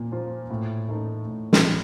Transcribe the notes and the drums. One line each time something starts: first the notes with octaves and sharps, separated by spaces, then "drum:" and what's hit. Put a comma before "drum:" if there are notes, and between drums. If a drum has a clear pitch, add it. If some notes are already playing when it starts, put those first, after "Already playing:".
Already playing: A#2 A#3
F3 A#3 F4
A2
A3 D#4 A#4
A2
drum: snare
A3 D#4